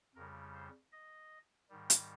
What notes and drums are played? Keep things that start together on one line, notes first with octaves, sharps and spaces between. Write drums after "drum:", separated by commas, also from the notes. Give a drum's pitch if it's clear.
F2 C#3 G3 A#4
C5
D#5
G#2 D#3 G3
drum: hi-hat